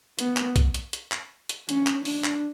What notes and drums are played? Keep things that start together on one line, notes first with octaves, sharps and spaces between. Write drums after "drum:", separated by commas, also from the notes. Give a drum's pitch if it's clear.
B3, drum: hi-hat
drum: clap
drum: kick, hi-hat
drum: hi-hat
drum: hi-hat
drum: clap
drum: hi-hat
C#4, drum: hi-hat
drum: clap
D4, drum: open hi-hat
drum: clap